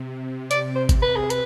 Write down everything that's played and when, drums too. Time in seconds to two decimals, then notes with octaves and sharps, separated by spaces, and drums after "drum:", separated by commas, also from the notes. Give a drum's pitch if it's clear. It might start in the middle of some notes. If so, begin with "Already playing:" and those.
Already playing: C3
0.51 D5, drum: hi-hat
0.76 C5
0.89 drum: kick G#1, hi-hat
1.02 B4
1.16 G#4
1.30 B4, drum: hi-hat